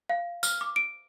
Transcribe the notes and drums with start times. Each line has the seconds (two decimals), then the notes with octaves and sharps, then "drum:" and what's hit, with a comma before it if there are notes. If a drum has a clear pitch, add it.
0.09 F5
0.43 F6, drum: tambourine
0.61 D6
0.76 D7